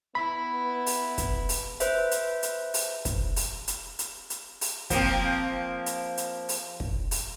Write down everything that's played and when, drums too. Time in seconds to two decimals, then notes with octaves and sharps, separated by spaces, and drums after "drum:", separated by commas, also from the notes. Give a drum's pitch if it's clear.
0.15 B3 E4 B5
0.86 drum: open hi-hat
1.18 drum: kick, hi-hat
1.49 drum: open hi-hat
1.80 B4 C5 E5, drum: hi-hat
2.11 drum: hi-hat
2.43 drum: hi-hat
2.74 drum: open hi-hat
3.05 drum: kick, hi-hat
3.36 drum: open hi-hat
3.68 drum: hi-hat
3.99 drum: hi-hat
4.30 drum: hi-hat
4.61 drum: open hi-hat
4.90 F3 A#3 C4, drum: kick, hi-hat
5.86 drum: hi-hat
6.17 drum: hi-hat
6.49 drum: open hi-hat
6.80 drum: kick
7.11 drum: open hi-hat